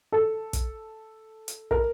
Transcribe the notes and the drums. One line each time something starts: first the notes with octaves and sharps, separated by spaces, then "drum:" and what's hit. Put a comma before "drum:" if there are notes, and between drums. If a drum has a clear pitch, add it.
A4
drum: kick, hi-hat
drum: hi-hat
A#4, drum: kick